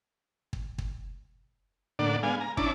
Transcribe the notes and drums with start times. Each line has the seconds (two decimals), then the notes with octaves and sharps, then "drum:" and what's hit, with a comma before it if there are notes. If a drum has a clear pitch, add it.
0.53 drum: kick
0.78 drum: kick
1.99 A2 D3 A#3 D4 D5 F#5
2.23 G#3 B3 F5 G#5
2.41 A#5
2.57 C#4 D4 E4 A5 D6, drum: kick